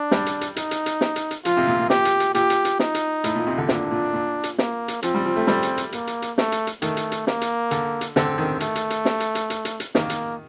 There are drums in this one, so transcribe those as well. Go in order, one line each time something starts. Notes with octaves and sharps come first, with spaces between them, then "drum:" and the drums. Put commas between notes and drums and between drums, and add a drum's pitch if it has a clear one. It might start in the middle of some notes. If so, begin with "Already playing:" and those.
Already playing: D4
G3, drum: snare
drum: hi-hat
drum: hi-hat
D#4, drum: hi-hat
drum: hi-hat
drum: hi-hat
drum: snare
drum: hi-hat
drum: hi-hat
F3 F4, drum: hi-hat
C3
A#2
A#2
G4, drum: snare
drum: hi-hat
drum: hi-hat
A#2 G4, drum: hi-hat
drum: hi-hat
drum: hi-hat
D#4, drum: snare
drum: hi-hat
A2, drum: hi-hat
A#2
C3
D3
A#2 D4, drum: snare
A#2
A#2
drum: hi-hat
A#3, drum: snare
drum: hi-hat
F3 C4, drum: hi-hat
G3
F3
A3
G3, drum: snare
drum: hi-hat
drum: hi-hat
A#3, drum: hi-hat
drum: hi-hat
drum: hi-hat
A3, drum: snare
drum: hi-hat
drum: hi-hat
D#3 A3, drum: hi-hat
drum: hi-hat
drum: hi-hat
A#3, drum: snare
drum: hi-hat
D3, drum: hi-hat
drum: hi-hat
D3 C4, drum: snare
D#3
A3, drum: hi-hat
drum: hi-hat
drum: hi-hat
drum: snare
drum: hi-hat
drum: hi-hat
drum: hi-hat
drum: hi-hat
drum: hi-hat
D#3 A#3, drum: snare
drum: hi-hat